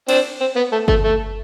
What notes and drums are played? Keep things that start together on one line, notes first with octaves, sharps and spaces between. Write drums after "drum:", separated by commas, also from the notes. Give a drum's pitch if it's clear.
C4 D4, drum: cymbal
C4
B3
A3
A3, drum: kick G1
A3